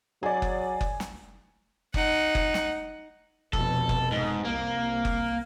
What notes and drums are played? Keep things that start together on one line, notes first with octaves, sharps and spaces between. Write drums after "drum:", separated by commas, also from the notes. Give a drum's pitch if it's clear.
F#3 G#4 D5 G#5
drum: kick F#1
drum: kick F#1
drum: snare
D#4 F#5, drum: kick F#1
drum: kick F#1
drum: snare
F1 B2 A4, drum: kick F#1
drum: kick F#1
G#2
C2 A#3
drum: kick F#1